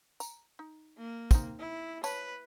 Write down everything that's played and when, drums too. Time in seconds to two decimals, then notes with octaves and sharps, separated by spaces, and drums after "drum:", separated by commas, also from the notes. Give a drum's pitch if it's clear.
0.20 A#5, drum: tambourine
0.59 D#4
0.98 A#3
1.31 C4 D#4, drum: kick, tambourine
1.60 E4
2.04 B4 C#5 A5, drum: tambourine